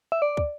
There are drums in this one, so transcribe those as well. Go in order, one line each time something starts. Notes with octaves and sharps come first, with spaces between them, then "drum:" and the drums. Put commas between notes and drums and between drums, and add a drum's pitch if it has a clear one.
E5
D5
drum: kick